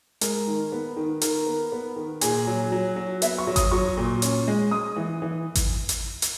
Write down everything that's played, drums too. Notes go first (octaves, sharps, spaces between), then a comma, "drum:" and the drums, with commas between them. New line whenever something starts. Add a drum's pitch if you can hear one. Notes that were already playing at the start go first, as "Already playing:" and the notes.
G#3 A#4, drum: hi-hat
D#3
B3
D#3
D#3 A#4, drum: hi-hat
B3
B3
D#3
A#2 G#4, drum: hi-hat
F#3
F#3
F#3
B3 E5, drum: hi-hat
C#6
F#3
D#6, drum: kick G#1, hi-hat
F#3 C#6
A#2
C#4, drum: hi-hat
G#3
G#3 D#6
E3
E3
drum: kick G#1, hi-hat
drum: hi-hat
drum: hi-hat